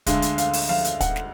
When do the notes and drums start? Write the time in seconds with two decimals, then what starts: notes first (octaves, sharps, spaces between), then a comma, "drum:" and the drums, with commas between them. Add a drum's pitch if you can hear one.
0.06 D2 D3 G#3 F5, drum: kick, hi-hat
0.22 drum: hi-hat
0.38 F5, drum: hi-hat
0.53 drum: open hi-hat
0.69 F5, drum: tom F3
0.85 drum: hi-hat
1.00 F#5, drum: kick, hi-hat
1.16 drum: snare